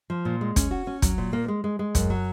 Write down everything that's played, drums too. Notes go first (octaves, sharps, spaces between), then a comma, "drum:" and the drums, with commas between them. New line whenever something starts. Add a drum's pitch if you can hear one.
F3
A#2
G#3
C#4, drum: kick, hi-hat
F#4
C#4
F#3, drum: kick, hi-hat
A#2
A#3
G#3
G#3
G#3
F#2, drum: kick, hi-hat
F#3